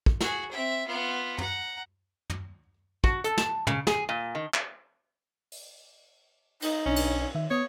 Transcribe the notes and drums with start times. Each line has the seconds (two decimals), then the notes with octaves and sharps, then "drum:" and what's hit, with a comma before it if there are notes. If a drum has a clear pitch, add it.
0.06 drum: kick
0.21 F#4 G#4, drum: snare
0.51 C4 E5
0.87 B3 F4
1.38 F#5 A#5, drum: tom
2.30 drum: tom
3.04 F#4, drum: kick
3.24 A4, drum: hi-hat
3.38 A5, drum: snare
3.67 C#3, drum: tom
3.87 G#4, drum: snare
4.09 A#2
4.35 D#3
4.54 drum: clap
5.52 drum: open hi-hat
6.62 D#4, drum: cymbal
6.86 B1 C#4 D4
6.96 drum: cymbal
7.35 D#3 E5
7.51 B3 C#5 D#6